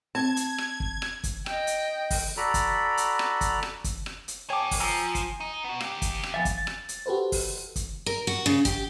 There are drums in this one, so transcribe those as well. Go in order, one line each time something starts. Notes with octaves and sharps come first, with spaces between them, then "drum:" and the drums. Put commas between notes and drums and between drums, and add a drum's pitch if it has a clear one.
C4 A5 G#6
drum: hi-hat
drum: rim click
drum: kick
drum: rim click
drum: kick, hi-hat
D#5 G5, drum: rim click
drum: hi-hat
drum: kick, open hi-hat
F#4 A4 D5 A#5 B5
drum: kick, hi-hat
drum: hi-hat
drum: rim click
drum: kick, hi-hat
drum: rim click
drum: kick, hi-hat
drum: rim click
drum: hi-hat
B3 G#4 C#5 G5 A5 D6
drum: kick, open hi-hat
F3 G#5 A#5 E6
drum: kick, hi-hat
D#4
B3 F#4
A#3 G4, drum: rim click
drum: kick, hi-hat
drum: rim click
F3 B3 E5 G#5 A6
drum: kick, hi-hat
A6
drum: rim click
drum: hi-hat
F#4 G4 A4 B4 C5
drum: kick, open hi-hat
drum: kick, hi-hat
A#4
F#4
C#3
G4, drum: kick, hi-hat